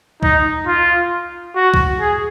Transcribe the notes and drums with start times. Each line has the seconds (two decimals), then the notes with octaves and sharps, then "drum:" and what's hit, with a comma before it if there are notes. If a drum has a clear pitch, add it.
0.23 D#4, drum: kick C2
0.67 F4
1.56 F#4
1.74 drum: kick C2
2.00 G#4